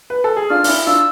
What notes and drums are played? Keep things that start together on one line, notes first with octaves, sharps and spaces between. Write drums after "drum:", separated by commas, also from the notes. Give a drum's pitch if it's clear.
B4
A4
G#4
D4 F4 F6
D4, drum: open hi-hat
E4
D4 F4 E6